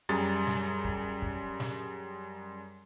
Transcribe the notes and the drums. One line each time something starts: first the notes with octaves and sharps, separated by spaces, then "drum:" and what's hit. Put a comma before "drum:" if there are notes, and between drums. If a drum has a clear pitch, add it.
F#2 G3 G#4 A#5 C6 A6
drum: snare
drum: kick
drum: kick
drum: snare